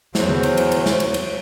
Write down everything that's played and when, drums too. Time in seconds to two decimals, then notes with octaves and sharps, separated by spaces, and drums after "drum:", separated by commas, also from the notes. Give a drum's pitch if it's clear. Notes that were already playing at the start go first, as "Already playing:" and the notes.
0.15 E2 F#3 C5, drum: snare
0.29 drum: tom D3
0.43 drum: cymbal
0.57 drum: cymbal
0.72 drum: cymbal
0.86 drum: snare
1.00 drum: cymbal
1.14 drum: cymbal